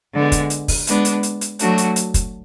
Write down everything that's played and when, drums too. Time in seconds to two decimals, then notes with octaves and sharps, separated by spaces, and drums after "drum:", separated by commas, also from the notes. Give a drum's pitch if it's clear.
0.14 D3 G#3 B3
0.32 drum: kick, hi-hat
0.50 drum: hi-hat
0.68 drum: kick, open hi-hat
0.87 G#3 B3 D4, drum: hi-hat
1.05 drum: hi-hat
1.23 drum: hi-hat
1.41 drum: hi-hat
1.59 F#3 A3 D4 F#4, drum: hi-hat
1.78 drum: hi-hat
1.96 drum: hi-hat
2.14 drum: kick, hi-hat